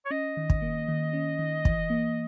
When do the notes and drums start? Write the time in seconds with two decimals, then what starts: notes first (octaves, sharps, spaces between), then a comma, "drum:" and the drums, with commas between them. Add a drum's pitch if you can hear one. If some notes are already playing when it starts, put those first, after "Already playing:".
0.06 C#5
0.11 C#4 D#5
0.37 D#3
0.50 drum: kick
0.62 A#3
0.88 D#3
1.13 C#4
1.39 D#3
1.65 E3, drum: kick
1.90 A#3